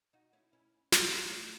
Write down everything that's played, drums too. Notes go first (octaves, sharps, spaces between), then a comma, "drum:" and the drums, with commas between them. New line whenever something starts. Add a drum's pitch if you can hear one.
D#4 F#4
C#4 E4
C#4 E4
G#3 C4, drum: snare
F#3 A3
F#3 A3